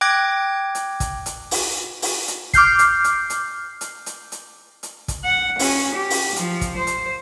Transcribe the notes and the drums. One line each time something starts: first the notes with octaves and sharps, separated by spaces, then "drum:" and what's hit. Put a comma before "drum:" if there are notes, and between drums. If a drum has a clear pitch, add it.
G5 D6 F#6 G#6 A#6
drum: hi-hat
drum: kick, hi-hat
drum: hi-hat
drum: open hi-hat
drum: open hi-hat
drum: hi-hat
D6 F6 G6 C7, drum: kick, hi-hat
drum: hi-hat
drum: hi-hat
drum: hi-hat
drum: hi-hat
drum: hi-hat
drum: hi-hat
drum: hi-hat
drum: kick, hi-hat
F#5
C#4, drum: open hi-hat
G4
drum: open hi-hat
F3, drum: hi-hat
drum: kick, hi-hat
C5
drum: hi-hat